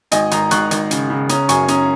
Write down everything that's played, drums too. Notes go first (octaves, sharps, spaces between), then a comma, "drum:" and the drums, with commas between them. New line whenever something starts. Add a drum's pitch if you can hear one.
G#1 D#5 G#5, drum: hi-hat
G#1 A#5 D#6, drum: hi-hat
G#1 C#6 F#6, drum: hi-hat
G#1, drum: hi-hat
C#3, drum: hi-hat
C#3
C#4 A#5 D#6, drum: hi-hat
F#2 G#5 C#6, drum: hi-hat
C#4 A#5 D#6, drum: hi-hat